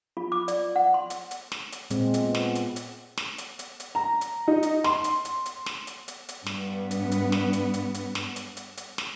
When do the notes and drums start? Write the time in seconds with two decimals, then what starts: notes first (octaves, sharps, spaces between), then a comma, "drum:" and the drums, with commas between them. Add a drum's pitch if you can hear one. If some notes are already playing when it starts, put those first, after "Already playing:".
0.17 F4
0.32 D6
0.48 D5, drum: hi-hat
0.76 F#5
0.94 C6
1.10 drum: hi-hat
1.31 drum: hi-hat
1.52 drum: snare
1.72 drum: hi-hat
1.90 A#2 G#3 C4, drum: hi-hat
2.14 drum: hi-hat
2.24 B3
2.35 drum: snare
2.55 drum: hi-hat
2.76 drum: hi-hat
3.17 drum: snare
3.38 drum: hi-hat
3.59 drum: hi-hat
3.80 drum: hi-hat
3.95 A#5
4.21 drum: hi-hat
4.48 D#4
4.63 drum: hi-hat
4.84 C6, drum: snare
5.04 drum: hi-hat
5.25 drum: hi-hat
5.46 drum: hi-hat
5.66 drum: snare
5.87 drum: hi-hat
6.08 drum: hi-hat
6.29 drum: hi-hat
6.46 G2 B3, drum: snare
6.91 drum: hi-hat
7.11 drum: hi-hat
7.32 drum: snare
7.53 drum: hi-hat
7.74 drum: hi-hat
7.94 drum: hi-hat
8.15 drum: snare
8.36 drum: hi-hat
8.57 drum: hi-hat
8.77 drum: hi-hat
8.98 drum: snare